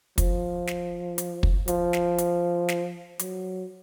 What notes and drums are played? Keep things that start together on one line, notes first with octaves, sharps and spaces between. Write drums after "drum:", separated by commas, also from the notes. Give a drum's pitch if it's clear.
F3, drum: kick, hi-hat
drum: snare
drum: hi-hat
drum: kick
F3, drum: hi-hat
drum: snare
drum: hi-hat
drum: snare
F#3, drum: hi-hat